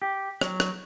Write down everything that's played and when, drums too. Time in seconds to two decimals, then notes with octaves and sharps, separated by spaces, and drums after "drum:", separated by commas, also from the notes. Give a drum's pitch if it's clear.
0.02 G4
0.41 F#3, drum: rim click
0.60 drum: rim click